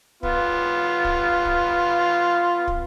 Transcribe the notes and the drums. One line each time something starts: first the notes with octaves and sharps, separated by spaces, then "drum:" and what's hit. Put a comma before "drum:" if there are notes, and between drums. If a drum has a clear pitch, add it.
B3 F4, drum: kick
drum: kick
drum: kick
drum: kick